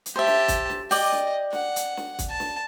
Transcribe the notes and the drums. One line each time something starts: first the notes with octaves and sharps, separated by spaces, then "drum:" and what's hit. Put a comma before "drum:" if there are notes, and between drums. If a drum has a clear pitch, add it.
drum: hi-hat
G4 C5 E5 A5
drum: snare
drum: kick, hi-hat
drum: snare
D5 D#5 G5, drum: open hi-hat
drum: snare
F#5, drum: snare
drum: hi-hat
drum: snare
drum: kick, hi-hat
A5
drum: snare